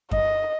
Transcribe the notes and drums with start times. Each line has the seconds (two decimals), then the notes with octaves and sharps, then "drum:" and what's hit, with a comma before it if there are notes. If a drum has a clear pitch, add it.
0.11 D#5, drum: kick F#2